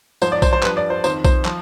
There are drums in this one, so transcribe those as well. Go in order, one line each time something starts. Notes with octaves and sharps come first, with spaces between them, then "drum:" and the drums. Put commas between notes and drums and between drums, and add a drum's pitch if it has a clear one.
G#2 F3 C5, drum: tambourine
D5
C5, drum: kick B1, tambourine
C5
G2 F3 B4, drum: clap
D5
C5
F2 D#3 C5, drum: tambourine
C5, drum: kick B1, tambourine
F3, drum: clap